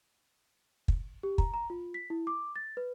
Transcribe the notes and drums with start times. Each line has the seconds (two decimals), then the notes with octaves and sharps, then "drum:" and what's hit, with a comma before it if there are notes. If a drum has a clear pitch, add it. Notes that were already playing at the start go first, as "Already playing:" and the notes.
0.88 drum: kick
1.23 G4
1.38 A#5, drum: kick
1.54 A#5
1.70 F4
1.94 B6
2.10 E4
2.27 D6
2.56 A6
2.77 B4